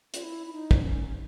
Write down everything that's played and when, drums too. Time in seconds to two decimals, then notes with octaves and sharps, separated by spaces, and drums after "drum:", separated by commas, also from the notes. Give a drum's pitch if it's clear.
0.14 F4, drum: hi-hat
0.23 E4
0.47 E4
0.53 D#4
0.71 drum: kick
0.83 C#4